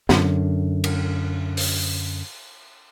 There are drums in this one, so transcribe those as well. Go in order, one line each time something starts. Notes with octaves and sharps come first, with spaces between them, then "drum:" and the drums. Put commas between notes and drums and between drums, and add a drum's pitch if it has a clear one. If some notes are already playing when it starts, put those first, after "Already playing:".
F#2 D3, drum: snare
drum: cymbal
drum: open hi-hat